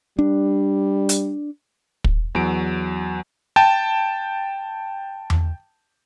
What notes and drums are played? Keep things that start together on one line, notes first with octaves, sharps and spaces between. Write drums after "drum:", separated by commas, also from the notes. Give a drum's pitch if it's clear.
G3 D4
drum: hi-hat
drum: kick
E2 F#3 D7
G5 A5
drum: tom E2